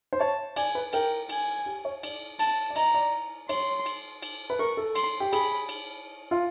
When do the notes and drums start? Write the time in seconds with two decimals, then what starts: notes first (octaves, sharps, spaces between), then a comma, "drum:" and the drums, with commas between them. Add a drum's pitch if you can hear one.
0.13 C5
0.20 C#5 A5
0.56 D5 G#5, drum: cymbal
0.75 B4
0.93 A#4 G5, drum: cymbal
1.29 G#5, drum: cymbal
1.66 G4
1.85 C#5
2.03 D5, drum: cymbal
2.39 A5, drum: cymbal
2.70 D5
2.76 D#5 A#5, drum: cymbal
2.94 D5
3.49 C#5 C6, drum: cymbal
3.86 drum: cymbal
4.22 drum: cymbal
4.50 B4
4.59 A#4 C#6
4.77 A4
4.95 C6, drum: cymbal
5.20 G4
5.33 G#4 B5, drum: cymbal
5.69 drum: cymbal
6.31 F4